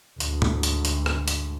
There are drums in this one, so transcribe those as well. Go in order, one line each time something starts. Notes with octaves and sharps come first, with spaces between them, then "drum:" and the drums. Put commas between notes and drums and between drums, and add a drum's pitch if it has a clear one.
D2 G#2, drum: hi-hat
drum: tom G#2
drum: hi-hat
drum: hi-hat
drum: rim click
drum: hi-hat